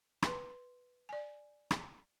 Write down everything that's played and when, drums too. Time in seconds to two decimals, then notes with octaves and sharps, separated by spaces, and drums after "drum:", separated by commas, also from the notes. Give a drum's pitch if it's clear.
0.22 B4 C6, drum: rim click
1.09 D5 G#5
1.71 drum: rim click